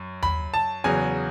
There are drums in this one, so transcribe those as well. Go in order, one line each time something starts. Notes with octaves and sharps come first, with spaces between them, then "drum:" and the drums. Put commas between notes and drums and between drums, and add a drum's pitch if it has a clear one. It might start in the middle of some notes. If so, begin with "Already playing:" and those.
Already playing: F#2
B5, drum: tom D#2
A5
E2 C#3 F#3 G#5